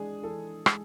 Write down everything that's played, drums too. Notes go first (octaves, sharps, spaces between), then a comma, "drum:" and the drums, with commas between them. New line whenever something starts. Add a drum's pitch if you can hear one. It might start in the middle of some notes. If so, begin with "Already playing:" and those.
Already playing: E3 G#3 D4 G#4
E3 A4
G#3, drum: rim click